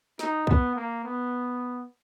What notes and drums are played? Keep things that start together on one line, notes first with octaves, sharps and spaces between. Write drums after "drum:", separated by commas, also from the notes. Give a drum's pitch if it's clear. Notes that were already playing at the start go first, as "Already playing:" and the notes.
D#4, drum: snare
B3, drum: kick
A#3
B3